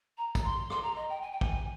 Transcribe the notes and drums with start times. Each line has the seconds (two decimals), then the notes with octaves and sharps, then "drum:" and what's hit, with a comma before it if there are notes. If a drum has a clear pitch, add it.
0.18 A#5
0.35 drum: kick, tambourine
0.44 C6
0.70 C6, drum: rim click
0.83 A#5
0.96 D#5
1.09 G5
1.22 G#5
1.32 G5
1.41 G#5, drum: kick